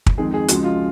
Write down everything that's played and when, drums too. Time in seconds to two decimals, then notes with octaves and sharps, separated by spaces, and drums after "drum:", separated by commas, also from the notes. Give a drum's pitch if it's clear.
0.06 drum: kick
0.18 F2 D#3 G#3 G#4
0.34 G#4
0.48 C#2 C#3 F3 G#3 F#4, drum: hi-hat
0.64 F4